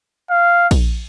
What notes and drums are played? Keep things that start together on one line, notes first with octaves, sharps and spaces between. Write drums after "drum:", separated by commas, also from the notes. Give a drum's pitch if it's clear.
F5
drum: kick A#1, cymbal